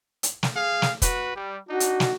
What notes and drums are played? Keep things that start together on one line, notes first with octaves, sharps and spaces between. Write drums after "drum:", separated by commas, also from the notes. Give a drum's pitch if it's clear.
drum: hi-hat
drum: snare
G#4 F5
drum: snare
F#4 B4, drum: kick, hi-hat
G3
D4 D#4 F#4
drum: hi-hat
drum: snare